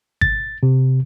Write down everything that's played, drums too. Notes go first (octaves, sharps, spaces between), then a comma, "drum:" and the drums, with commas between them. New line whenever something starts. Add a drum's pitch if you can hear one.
A6, drum: kick G#1
C3